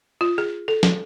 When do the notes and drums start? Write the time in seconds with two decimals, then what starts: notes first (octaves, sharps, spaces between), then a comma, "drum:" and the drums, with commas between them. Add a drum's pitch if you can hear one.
0.21 F4
0.38 G#4
0.68 A4
0.83 drum: snare